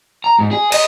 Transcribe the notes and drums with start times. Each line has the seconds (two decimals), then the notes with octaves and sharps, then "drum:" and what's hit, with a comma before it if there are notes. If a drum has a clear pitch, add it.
0.24 A#5
0.39 G#2
0.51 G#4
0.72 D#5, drum: cymbal